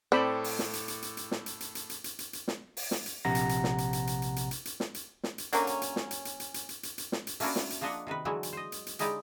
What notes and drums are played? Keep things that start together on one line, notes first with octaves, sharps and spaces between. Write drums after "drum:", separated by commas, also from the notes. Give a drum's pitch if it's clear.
A2 C4 A4 D5 G5 B5 D6
drum: open hi-hat
drum: snare
drum: hi-hat
drum: hi-hat
drum: hi-hat
drum: hi-hat
drum: snare
drum: hi-hat
drum: hi-hat
drum: hi-hat
drum: hi-hat
drum: hi-hat
drum: hi-hat
drum: hi-hat
drum: snare
drum: open hi-hat
drum: snare
drum: hi-hat
A#1 C3 F#5 A#5 A#6
drum: hi-hat
drum: hi-hat
drum: snare
drum: hi-hat
drum: hi-hat
drum: hi-hat
drum: hi-hat
drum: hi-hat
drum: hi-hat
drum: hi-hat
drum: snare
drum: hi-hat
drum: snare
drum: hi-hat
D3 F#3 A#3 C#4, drum: hi-hat
drum: hi-hat
drum: hi-hat
drum: snare
drum: hi-hat
drum: hi-hat
drum: hi-hat
drum: hi-hat
drum: hi-hat
drum: hi-hat
drum: hi-hat
drum: snare
drum: hi-hat
A3 A#3 C#4 D4 E4 F#4, drum: open hi-hat
drum: snare
drum: hi-hat
F3 A#3 D4 D#5 E5 F#5
C3 D#3 F#4 B4
D3 E3 F#3 G#3 A3 E4
drum: hi-hat
C5 D#5
drum: hi-hat
drum: hi-hat
D3 G#3 D#4 E4 G4 D5, drum: hi-hat